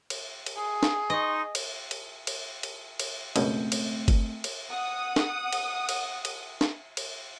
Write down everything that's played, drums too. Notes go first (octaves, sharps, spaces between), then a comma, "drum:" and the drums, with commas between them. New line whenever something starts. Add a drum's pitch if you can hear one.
drum: cymbal
drum: cymbal
G#4
drum: snare
D#4 D#5 C6 C#6
drum: cymbal
drum: cymbal
drum: cymbal
drum: cymbal
drum: cymbal
C#2 F#2 B2 A3 C4 G6, drum: cymbal
drum: cymbal
drum: kick G1, cymbal
drum: cymbal
F#5 D#6
drum: snare
drum: cymbal
drum: cymbal
drum: cymbal
drum: snare
drum: cymbal